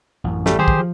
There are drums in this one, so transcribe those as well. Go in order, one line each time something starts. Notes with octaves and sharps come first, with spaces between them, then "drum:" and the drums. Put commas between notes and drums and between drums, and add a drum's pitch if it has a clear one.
A1 F#2
G3 A3, drum: snare
D#3 F#3 G4 G#4 C5
drum: kick
F3